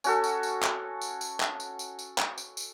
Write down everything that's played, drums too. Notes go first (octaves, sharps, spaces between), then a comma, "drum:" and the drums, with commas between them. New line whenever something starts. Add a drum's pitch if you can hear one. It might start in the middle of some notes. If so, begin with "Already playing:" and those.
C#4 F#4 A4, drum: tambourine
drum: tambourine
drum: tambourine
drum: clap
drum: tambourine
drum: tambourine
drum: clap
drum: tambourine
drum: tambourine
drum: tambourine
drum: clap
drum: tambourine
drum: tambourine